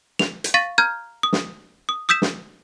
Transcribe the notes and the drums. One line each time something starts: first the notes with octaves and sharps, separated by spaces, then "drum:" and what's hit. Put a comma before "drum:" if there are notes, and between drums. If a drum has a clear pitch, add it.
F7, drum: snare
drum: hi-hat
F5 C#6 A6 B6 D#7
A#5 F6 G6 G#6
D#6
drum: snare
D#6
D#6 E6 G6 B6 E7
drum: snare